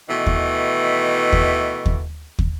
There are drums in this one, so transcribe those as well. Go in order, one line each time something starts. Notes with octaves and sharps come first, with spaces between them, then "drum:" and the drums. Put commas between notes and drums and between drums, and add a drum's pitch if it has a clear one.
B2 D#3 E3 A3
drum: kick
drum: kick
drum: kick
drum: kick